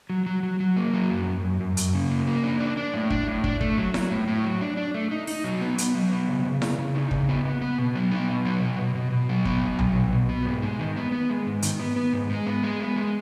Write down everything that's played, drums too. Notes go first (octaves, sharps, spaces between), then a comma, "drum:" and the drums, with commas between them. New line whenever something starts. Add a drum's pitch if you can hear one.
F#3
F#3
F#3
F#3
A#3
F#3
F#2
F#2
F#2
F#2
F#2, drum: hi-hat
C#3
A#3
A#3
D4
D4
D4
A2
D4, drum: kick
A2
D4, drum: kick
A3, drum: kick
F#3
F#3, drum: snare E4
A2
A2
F#3
D4
D4
A3
D#4
D#4, drum: open hi-hat
F#3
B3
B3, drum: hi-hat
F#3
B3
C#3
C#3
C#3, drum: snare E4
C#3
D#4
C#3, drum: kick
B3
B3
B3
B2
F#3
B3
B2
F#3
B2
B2
B2
B2
F#3
B3, drum: kick
B2
F#3, drum: tom B1
B2
B2
B3
G#2
G#3
D#3
B3
B3
G#3
G#2
D#3, drum: hi-hat
B3
B3
G#2
G#3
B3
G#3
B3
G#3